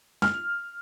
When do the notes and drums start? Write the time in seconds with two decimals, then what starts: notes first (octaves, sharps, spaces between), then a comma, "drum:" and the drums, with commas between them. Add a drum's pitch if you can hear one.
0.22 F6, drum: snare